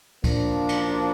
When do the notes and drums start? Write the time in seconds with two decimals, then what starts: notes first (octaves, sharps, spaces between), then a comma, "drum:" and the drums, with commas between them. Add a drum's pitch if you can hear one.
0.24 F3 A#3 D4, drum: kick C#2, cymbal
0.69 drum: cymbal